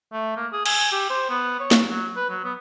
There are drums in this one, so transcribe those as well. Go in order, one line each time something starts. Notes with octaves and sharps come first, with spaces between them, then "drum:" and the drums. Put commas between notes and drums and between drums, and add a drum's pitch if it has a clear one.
A3
A#3
G#4
G#5, drum: cymbal
G4
C5
B3
C#5
drum: snare
F#3
B4
F#3
B3